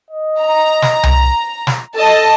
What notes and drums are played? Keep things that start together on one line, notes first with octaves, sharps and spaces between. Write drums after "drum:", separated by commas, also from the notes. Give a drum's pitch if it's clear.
D#5
A#5
drum: snare
drum: tom C2
drum: snare
A4 D#5 A5